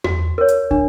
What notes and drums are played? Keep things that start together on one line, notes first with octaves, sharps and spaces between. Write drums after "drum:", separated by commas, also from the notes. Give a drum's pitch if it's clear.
F#4, drum: tom E2
A#4 C#5
drum: hi-hat
D4, drum: kick